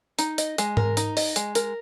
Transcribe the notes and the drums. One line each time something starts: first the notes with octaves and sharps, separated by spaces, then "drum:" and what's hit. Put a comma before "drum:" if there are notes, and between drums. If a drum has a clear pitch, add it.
D#4, drum: hi-hat
D#5, drum: hi-hat
G#3, drum: hi-hat
A#4, drum: tom G#2
D#4, drum: hi-hat
D#5, drum: open hi-hat
G#3, drum: hi-hat
A#4, drum: hi-hat